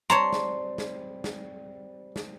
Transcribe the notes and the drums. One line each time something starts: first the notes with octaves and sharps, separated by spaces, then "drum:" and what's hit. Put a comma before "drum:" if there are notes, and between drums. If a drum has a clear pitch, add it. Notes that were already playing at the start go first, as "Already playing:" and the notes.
G3 C4 C#5 A5 A#5 C6
drum: snare
drum: snare
drum: snare
drum: snare